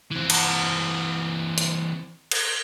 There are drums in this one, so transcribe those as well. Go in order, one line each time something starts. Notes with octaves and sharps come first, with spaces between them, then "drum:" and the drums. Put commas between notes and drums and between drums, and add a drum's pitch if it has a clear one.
E3 C4
drum: cymbal
drum: hi-hat
drum: cymbal